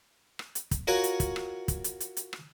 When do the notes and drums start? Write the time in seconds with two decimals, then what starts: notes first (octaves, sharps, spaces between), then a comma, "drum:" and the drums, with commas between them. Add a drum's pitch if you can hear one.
0.39 drum: rim click
0.55 drum: hi-hat
0.71 drum: kick, hi-hat
0.87 F4 F#4 A#4 C#5 F#5 G#5
1.04 drum: hi-hat
1.20 drum: kick, hi-hat
1.36 drum: rim click
1.68 drum: kick, hi-hat
1.84 drum: hi-hat
2.00 drum: hi-hat
2.17 drum: hi-hat
2.33 drum: rim click